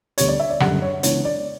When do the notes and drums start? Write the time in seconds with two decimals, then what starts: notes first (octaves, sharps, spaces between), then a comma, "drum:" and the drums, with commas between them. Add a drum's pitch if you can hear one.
0.18 D2 D3 G3 B3 C#5, drum: hi-hat
0.28 D5
0.40 E5
0.50 D5
0.60 F#1 F#2 D3 G3 F#5, drum: rim click
0.82 C#5
1.03 C#2 C#3 E3 B3 D4 C#5, drum: hi-hat
1.25 D5